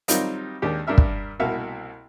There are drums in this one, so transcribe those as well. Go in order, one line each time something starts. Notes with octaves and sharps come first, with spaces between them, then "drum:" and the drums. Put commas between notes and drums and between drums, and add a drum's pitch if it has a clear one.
D#3 F#3 G3 C4 D#4 F4, drum: hi-hat
D#2 G#3 D4 G4
G2 D4 A#4 E5 F6
drum: kick
C2 B2 A#3 F#4 E5 F5